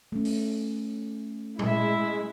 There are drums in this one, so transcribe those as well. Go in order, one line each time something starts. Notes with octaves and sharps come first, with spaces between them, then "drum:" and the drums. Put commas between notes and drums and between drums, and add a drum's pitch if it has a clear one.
A3 C#4
drum: open hi-hat
G#3 E4 E5, drum: tom A#2